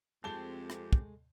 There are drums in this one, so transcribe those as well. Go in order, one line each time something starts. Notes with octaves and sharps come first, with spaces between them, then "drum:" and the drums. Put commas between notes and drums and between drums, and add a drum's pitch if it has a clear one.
F2 G#3 A3 C4 G4 A5 G7
drum: rim click
drum: kick